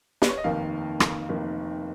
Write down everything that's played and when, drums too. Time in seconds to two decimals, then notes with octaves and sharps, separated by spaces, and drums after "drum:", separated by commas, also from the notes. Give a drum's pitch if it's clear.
0.22 B4, drum: snare
0.29 C#5
0.37 D#5
0.44 F1 D#2 D#3 A#3 F5
1.00 drum: rim click
1.29 F1 D#2 D#3 A#3